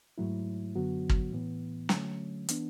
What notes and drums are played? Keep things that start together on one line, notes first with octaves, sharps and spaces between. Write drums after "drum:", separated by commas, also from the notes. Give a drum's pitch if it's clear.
G#2 F#3 A3 E4
F#2 D3 F#3 B3 F#4
drum: kick
A2 E3 B3
D3 F#3 A3 C#4, drum: snare
E3 B3 D4, drum: hi-hat